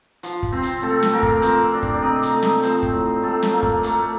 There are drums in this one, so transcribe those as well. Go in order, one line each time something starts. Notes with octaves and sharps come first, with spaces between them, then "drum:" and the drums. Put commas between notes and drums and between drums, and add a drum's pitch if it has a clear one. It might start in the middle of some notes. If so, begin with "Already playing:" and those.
F3, drum: hi-hat
drum: kick
C3 C4 C5
drum: hi-hat
C3 A3 A4
drum: snare
A3 A#3 A#4
drum: kick
F3 C4 C5, drum: hi-hat
C3 D4 D5
drum: kick
D5
C3 D#4 D#5
drum: hi-hat
A3
drum: snare
F3 C4 C5, drum: hi-hat
drum: kick
A2
A2 A3 A4
drum: snare
A#3
drum: kick
A3, drum: hi-hat